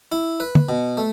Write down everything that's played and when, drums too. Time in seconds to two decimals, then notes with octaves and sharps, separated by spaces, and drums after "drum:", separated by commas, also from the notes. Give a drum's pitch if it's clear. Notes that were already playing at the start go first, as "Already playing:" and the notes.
0.12 E4
0.40 B4
0.55 drum: tom
0.69 B2
0.97 A3